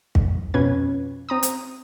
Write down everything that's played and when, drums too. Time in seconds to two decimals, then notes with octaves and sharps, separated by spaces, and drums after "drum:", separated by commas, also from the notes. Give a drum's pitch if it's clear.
0.15 drum: kick
0.54 F2 B2 C#4 B4 G#6
1.29 C4 A#5 D#6
1.43 drum: hi-hat